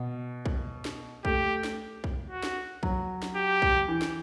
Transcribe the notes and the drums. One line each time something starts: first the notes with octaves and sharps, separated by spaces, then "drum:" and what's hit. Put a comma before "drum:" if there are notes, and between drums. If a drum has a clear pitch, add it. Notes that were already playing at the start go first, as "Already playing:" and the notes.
Already playing: B2
drum: kick B1
drum: snare
A3 G4, drum: kick B1
drum: snare
drum: kick B1
F#4
drum: snare
F#3, drum: kick B1
drum: snare
G4
drum: kick B1
E3
drum: snare